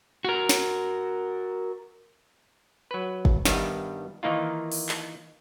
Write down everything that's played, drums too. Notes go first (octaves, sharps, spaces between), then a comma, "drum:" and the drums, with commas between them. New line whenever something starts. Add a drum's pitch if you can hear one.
F#4 A#4
drum: snare
F#3 B4
drum: kick
G2 D#3 G3 B3 E5, drum: snare
D#3 E3 A#3 D#4 F4
drum: open hi-hat
drum: clap